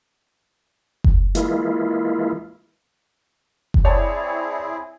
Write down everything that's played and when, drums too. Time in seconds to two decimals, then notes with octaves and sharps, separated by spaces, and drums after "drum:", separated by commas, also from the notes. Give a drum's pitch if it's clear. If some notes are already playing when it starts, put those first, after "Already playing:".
1.04 drum: kick F#1
1.35 E3 G#3 A#3 E4 F4, drum: hi-hat
3.74 drum: kick F#1
3.85 C4 E4 G#4 C#5 D5 A5